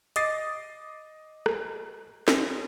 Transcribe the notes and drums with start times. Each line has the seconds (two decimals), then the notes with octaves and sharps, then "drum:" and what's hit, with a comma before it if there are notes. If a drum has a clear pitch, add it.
0.16 D#5 D6 D#6 A6 C7, drum: hi-hat
1.46 drum: rim click
2.28 drum: snare